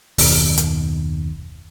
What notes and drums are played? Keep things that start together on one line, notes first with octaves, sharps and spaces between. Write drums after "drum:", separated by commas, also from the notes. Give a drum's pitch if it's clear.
F#1 D#2 B2, drum: open hi-hat
drum: hi-hat